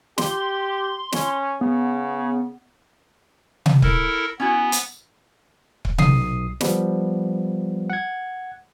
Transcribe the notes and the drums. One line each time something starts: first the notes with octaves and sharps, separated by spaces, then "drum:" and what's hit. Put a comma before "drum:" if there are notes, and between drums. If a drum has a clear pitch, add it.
G4 C6, drum: snare
C#4, drum: snare
C#3 B3
drum: tom C3
E4 A4 A#4, drum: kick C#1
B3 C#4 E4 F#4
drum: hi-hat
drum: kick C#1
B1 D#6 C7, drum: tom C3
F3 G3 B3, drum: snare
F#5 G#6